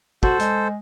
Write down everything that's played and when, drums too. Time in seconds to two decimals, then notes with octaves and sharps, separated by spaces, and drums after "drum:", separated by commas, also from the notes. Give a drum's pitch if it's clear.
0.23 F#4 A4 C5, drum: kick
0.40 G#3, drum: hi-hat